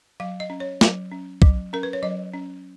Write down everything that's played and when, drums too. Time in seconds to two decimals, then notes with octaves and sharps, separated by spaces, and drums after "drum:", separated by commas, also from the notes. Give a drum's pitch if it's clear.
0.20 F#3 F5
0.40 D#5
0.50 C#4
0.60 C#5
0.81 F#3, drum: snare
1.11 C#4
1.42 F#3, drum: kick
1.73 C#4 A#4
1.83 B4
1.93 C#5
2.03 F#3 D#5
2.34 C#4